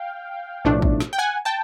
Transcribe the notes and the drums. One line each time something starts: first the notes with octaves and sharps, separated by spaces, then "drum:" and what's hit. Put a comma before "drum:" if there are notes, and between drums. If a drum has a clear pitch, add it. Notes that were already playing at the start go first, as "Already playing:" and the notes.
Already playing: F5 G5
B1 A2 F3 A3 D4
drum: kick
drum: snare
G5
F#5 G#5
G5 A5